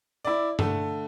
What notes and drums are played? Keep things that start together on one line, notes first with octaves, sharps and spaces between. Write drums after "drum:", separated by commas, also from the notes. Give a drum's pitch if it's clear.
E4 D5
D3 A3, drum: tom G2